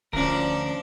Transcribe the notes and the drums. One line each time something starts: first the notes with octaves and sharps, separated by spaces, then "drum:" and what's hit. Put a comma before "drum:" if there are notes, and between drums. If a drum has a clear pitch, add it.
D2 F3 C#4 D4 A#4, drum: kick